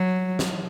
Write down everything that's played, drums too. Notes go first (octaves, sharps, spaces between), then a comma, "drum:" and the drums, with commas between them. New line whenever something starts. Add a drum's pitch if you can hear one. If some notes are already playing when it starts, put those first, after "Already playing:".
Already playing: F#3
drum: snare